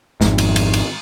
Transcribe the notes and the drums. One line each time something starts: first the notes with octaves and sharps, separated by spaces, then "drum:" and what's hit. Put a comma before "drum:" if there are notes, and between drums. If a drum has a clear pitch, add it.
G#1 F2 G#2, drum: snare
drum: cymbal
drum: cymbal
drum: cymbal